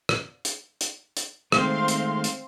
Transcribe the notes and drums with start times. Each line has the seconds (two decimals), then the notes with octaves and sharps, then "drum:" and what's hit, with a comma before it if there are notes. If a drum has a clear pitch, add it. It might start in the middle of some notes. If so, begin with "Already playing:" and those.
0.09 drum: rim click
0.45 drum: hi-hat
0.81 drum: hi-hat
1.17 drum: hi-hat
1.52 D#3 G#3 A3 C4 F5 C6, drum: rim click
1.88 drum: hi-hat
2.24 drum: hi-hat